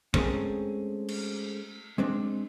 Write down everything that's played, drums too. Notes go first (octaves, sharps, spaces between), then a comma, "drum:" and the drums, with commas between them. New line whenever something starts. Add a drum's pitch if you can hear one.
G#3 A3 C4 C#4 G#4 A#4, drum: kick
drum: cymbal
G#3 C4 D4